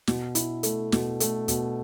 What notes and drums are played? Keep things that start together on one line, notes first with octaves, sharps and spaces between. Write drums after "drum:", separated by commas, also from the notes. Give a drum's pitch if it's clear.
B2, drum: snare
E4, drum: hi-hat
A3, drum: hi-hat
B2, drum: snare
A3, drum: hi-hat
B2, drum: hi-hat